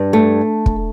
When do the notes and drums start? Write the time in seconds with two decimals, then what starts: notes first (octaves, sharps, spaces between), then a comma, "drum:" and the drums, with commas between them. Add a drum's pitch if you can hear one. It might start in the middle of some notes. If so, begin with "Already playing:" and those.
Already playing: G2
0.13 A3
0.66 drum: kick